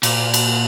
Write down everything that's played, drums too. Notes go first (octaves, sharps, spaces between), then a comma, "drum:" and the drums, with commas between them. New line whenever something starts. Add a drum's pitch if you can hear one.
A#2, drum: cymbal
drum: cymbal